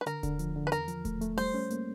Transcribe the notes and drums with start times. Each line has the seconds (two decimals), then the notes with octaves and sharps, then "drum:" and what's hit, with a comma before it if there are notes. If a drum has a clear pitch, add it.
0.01 B4
0.06 D3 A#4, drum: hi-hat
0.23 D3, drum: kick D#1, hi-hat
0.39 F3, drum: hi-hat
0.56 D3
0.67 B4
0.72 E2 A#4, drum: hi-hat
0.88 F3, drum: hi-hat
1.05 A3, drum: kick D#1, hi-hat
1.21 A3, drum: hi-hat
1.37 G3 C5, drum: open hi-hat
1.54 C#4
1.70 A#3, drum: hi-hat